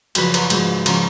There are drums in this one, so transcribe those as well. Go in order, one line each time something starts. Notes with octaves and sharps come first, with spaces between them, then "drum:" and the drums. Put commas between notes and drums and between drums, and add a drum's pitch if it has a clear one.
F#2 C#3 F3 B4, drum: cymbal
B4, drum: cymbal
G#2, drum: cymbal
F3
C#3 F3, drum: cymbal